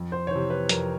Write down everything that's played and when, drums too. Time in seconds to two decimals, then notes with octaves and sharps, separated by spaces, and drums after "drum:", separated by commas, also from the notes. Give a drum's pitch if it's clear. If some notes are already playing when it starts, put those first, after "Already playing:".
Already playing: F2
0.12 C5
0.27 C#5
0.31 C3 E3 C5
0.50 B4
0.69 F2 A#4, drum: hi-hat